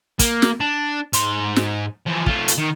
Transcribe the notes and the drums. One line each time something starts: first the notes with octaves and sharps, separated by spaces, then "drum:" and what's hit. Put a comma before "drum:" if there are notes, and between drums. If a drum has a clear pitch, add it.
A#3, drum: kick, hi-hat
drum: snare
D4
G#2 C6, drum: hi-hat
drum: snare
E3 F3
A3 F4, drum: kick
drum: hi-hat
D#3